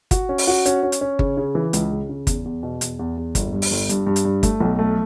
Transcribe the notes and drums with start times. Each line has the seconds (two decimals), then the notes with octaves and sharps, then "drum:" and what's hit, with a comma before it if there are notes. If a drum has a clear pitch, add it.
0.11 F#4, drum: kick G1, hi-hat
0.29 C#4
0.38 drum: open hi-hat
0.47 F#4
0.66 C#4, drum: hi-hat
0.83 C#4
0.92 drum: hi-hat
1.01 C#4
1.19 C#3, drum: kick G1
1.37 C#3
1.55 E3
1.73 C#2, drum: hi-hat
1.91 C#3
2.09 C#3
2.27 E2, drum: kick G1, hi-hat
2.45 E2
2.63 B2
2.81 E2, drum: hi-hat
2.99 E2
3.17 E2
3.35 G1, drum: kick G1, hi-hat
3.53 G2
3.62 drum: open hi-hat
3.71 G1
3.89 G2, drum: hi-hat
4.07 G2
4.16 drum: hi-hat
4.25 G2
4.43 A3, drum: kick G1, hi-hat
4.60 B1
4.79 A3